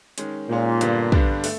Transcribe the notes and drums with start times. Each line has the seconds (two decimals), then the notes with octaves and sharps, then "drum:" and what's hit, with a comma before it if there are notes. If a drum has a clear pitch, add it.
0.18 D#3 G#3 C#4, drum: hi-hat
0.49 A#2 D#3 G#3 C#4
0.81 G2 D3 G3 B3 D4, drum: hi-hat
1.12 G2 D3 G3 B3 D4, drum: kick
1.44 A3, drum: open hi-hat